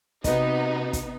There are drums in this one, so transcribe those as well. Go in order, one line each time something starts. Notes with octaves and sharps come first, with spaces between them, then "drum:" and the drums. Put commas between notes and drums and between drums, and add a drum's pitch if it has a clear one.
C3 B3 D#4 F#4 D#5, drum: kick, hi-hat
drum: kick, hi-hat